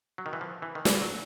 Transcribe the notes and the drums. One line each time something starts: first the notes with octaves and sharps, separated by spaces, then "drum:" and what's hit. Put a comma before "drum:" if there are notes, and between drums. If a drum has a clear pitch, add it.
F#3
D#3
E3
F3
E3
D#3
E3, drum: snare
F#3